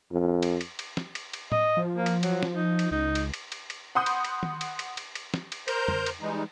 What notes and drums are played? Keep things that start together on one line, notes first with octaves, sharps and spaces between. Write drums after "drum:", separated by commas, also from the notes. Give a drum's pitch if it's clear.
F2
drum: cymbal
drum: cymbal
drum: cymbal
drum: snare
drum: cymbal
drum: cymbal
D#5, drum: tom A2
F3
A#3
drum: cymbal
F#3, drum: cymbal
drum: snare
D#4
drum: cymbal
C#2 D#4
drum: cymbal
drum: cymbal
drum: cymbal
drum: cymbal
F#5 B5 C6 D#6 G6
drum: cymbal
drum: cymbal
drum: tom D#3
drum: cymbal
drum: cymbal
drum: cymbal
drum: cymbal
drum: snare
drum: cymbal
A#4 C5 A#5 G6, drum: cymbal
drum: tom
drum: cymbal
E3 G3 G#3 D#4